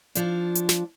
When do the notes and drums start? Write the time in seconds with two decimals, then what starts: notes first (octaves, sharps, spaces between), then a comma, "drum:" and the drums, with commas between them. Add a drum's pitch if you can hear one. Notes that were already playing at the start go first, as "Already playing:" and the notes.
0.15 F3 D4, drum: hi-hat
0.55 drum: hi-hat
0.69 drum: snare